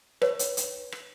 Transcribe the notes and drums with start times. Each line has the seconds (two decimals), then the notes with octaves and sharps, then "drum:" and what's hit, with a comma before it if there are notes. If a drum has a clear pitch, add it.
0.22 B4 C#5, drum: rim click
0.39 drum: hi-hat
0.57 drum: hi-hat
0.92 drum: rim click